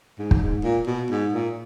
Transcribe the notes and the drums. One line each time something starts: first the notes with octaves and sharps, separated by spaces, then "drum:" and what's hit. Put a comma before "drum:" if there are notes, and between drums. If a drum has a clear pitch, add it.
G#2
drum: kick
G#2
A#2
B2
G#2
A#2